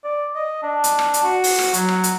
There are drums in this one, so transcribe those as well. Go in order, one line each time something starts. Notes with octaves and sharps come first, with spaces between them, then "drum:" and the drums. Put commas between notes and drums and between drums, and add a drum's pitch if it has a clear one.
D5
D#5
D4
drum: hi-hat
drum: rim click
drum: hi-hat
F#4
drum: open hi-hat
drum: rim click
F#3, drum: hi-hat
drum: rim click
drum: hi-hat